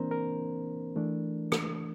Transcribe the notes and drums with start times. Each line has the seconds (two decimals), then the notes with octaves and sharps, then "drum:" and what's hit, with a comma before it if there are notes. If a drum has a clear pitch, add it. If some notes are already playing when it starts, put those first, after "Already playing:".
Already playing: E3 A#3 C4 D4 A#4 C5 A#5
0.11 A#4
0.96 E3 A3 D4
1.52 drum: rim click